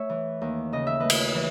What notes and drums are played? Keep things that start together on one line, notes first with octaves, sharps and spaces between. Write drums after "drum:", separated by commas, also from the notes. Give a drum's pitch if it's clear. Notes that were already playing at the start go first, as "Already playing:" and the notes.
Already playing: A3 C#5 E5
E3
D#2
C#3 D#5
E5
A3 B4 D#5
drum: cymbal
E3